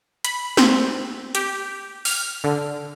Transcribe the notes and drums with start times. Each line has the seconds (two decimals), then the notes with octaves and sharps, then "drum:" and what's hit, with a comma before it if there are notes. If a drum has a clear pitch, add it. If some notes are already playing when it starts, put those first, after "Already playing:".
0.24 B5, drum: hi-hat
0.57 C4, drum: snare
1.35 G4, drum: hi-hat
2.05 F6, drum: open hi-hat
2.44 D3